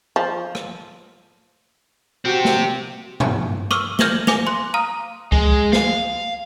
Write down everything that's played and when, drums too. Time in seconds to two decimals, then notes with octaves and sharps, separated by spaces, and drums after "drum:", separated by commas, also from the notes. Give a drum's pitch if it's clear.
0.16 F3
0.55 drum: rim click
2.25 C4 F#4 G4
2.45 drum: snare
3.20 drum: tom
3.71 C#6 D6 E6 F6, drum: rim click
3.99 F6 G6 G#6 A#6 F#7 G7, drum: snare
4.27 G#5 D6 A#6 F7, drum: snare
4.47 C6 F#6
4.74 F5 A#5 D#6 F6
5.32 G#3, drum: kick C#2
5.73 F5, drum: snare